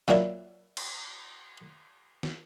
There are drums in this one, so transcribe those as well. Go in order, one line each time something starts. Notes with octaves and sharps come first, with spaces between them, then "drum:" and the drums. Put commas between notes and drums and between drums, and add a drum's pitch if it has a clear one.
A#2 F#3 A#3 D4 E4, drum: snare
drum: cymbal
drum: snare